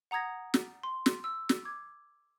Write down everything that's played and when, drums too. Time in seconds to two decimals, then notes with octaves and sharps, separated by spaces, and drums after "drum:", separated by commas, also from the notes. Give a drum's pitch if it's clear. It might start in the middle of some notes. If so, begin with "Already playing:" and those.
0.11 F#5 A#5 D#6 G#6 A#6
0.54 drum: snare
0.83 C6
1.06 drum: snare
1.24 E6
1.49 drum: snare
1.65 D6 G#6